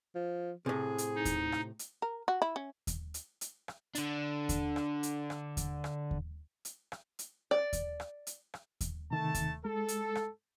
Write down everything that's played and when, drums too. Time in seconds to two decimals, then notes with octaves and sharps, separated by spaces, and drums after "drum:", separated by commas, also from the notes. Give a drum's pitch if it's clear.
0.15 F3
0.66 A2 C3 G#4
0.98 drum: hi-hat
1.15 D#4
1.25 drum: kick D#2, hi-hat
1.52 drum: rim click
1.79 drum: hi-hat
2.02 A#4
2.28 F#4
2.42 E4
2.56 C#4
2.87 drum: kick D#2, hi-hat
3.14 drum: hi-hat
3.41 drum: hi-hat
3.68 drum: rim click
3.95 D3 D4, drum: hi-hat
4.49 drum: kick D#2, hi-hat
4.76 drum: rim click
5.03 drum: hi-hat
5.30 drum: rim click
5.57 drum: kick D#2, hi-hat
5.84 drum: rim click
6.11 drum: kick D#2
6.65 drum: hi-hat
6.92 drum: rim click
7.19 drum: hi-hat
7.51 D5
7.73 drum: kick D#2, hi-hat
8.00 drum: rim click
8.27 drum: hi-hat
8.54 drum: rim click
8.81 drum: kick D#2, hi-hat
9.11 C3 D#3 A3 A5
9.35 drum: kick D#2, hi-hat
9.65 G#3 A4
9.88 drum: hi-hat
10.15 drum: rim click